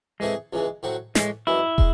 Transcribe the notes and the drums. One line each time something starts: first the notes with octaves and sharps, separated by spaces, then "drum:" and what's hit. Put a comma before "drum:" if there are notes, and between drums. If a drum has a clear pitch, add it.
E3 G#3 A3 C4 E4 G#4
C#2 C#3 E3 G#3
A2 F#3 C4 F#4
A2 E3 G#3 A3, drum: snare
F#2 E3 G#3 E4
G#3, drum: kick